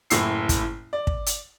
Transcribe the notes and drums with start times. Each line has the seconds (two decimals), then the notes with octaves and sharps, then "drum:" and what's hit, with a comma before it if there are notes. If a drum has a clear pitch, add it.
0.10 F#1 A2 E4 C7, drum: hi-hat
0.49 drum: kick, hi-hat
0.93 D5
1.07 drum: kick
1.26 drum: hi-hat